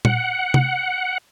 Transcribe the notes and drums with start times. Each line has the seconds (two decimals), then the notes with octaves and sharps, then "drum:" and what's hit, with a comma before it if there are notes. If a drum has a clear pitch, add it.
0.05 F#5, drum: tom A#2
0.54 drum: tom